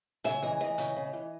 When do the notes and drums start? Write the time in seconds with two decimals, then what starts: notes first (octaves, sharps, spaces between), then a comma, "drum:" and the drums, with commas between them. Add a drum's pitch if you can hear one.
0.24 C#3 E5, drum: hi-hat
0.42 E3 D#5
0.60 E3 D#5
0.78 C#3, drum: hi-hat
0.96 C#3
1.13 E3